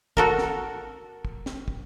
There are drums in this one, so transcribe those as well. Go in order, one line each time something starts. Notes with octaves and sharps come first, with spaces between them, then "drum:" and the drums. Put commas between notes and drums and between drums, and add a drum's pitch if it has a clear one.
F#4 A4 A#4, drum: kick
drum: snare
drum: kick
drum: snare
drum: kick